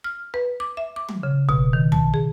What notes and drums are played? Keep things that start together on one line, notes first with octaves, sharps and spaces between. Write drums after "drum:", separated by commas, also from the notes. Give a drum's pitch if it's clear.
F6
B4
D6
E5
D6
drum: tom
C#3
B2, drum: kick
D#3
A5, drum: tom
G#4